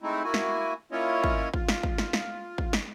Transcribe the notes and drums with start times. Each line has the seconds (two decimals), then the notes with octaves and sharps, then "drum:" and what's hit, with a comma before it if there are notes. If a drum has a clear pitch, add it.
0.02 G#3 A3 C4 D#4 E4
0.24 A#3 E4 F#4 G#5
0.34 drum: snare
0.92 A#3 C#4 E4 F4 C#5 D#5
1.24 drum: kick
1.54 F4, drum: kick
1.69 drum: snare
1.83 drum: kick
1.98 drum: snare
2.13 drum: snare
2.58 drum: kick
2.73 drum: snare